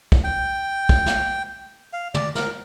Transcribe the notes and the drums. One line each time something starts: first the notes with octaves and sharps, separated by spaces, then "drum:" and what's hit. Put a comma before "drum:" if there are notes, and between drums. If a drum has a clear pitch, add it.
drum: kick
G5
drum: kick
drum: snare
F5
D5, drum: tom
A#4, drum: snare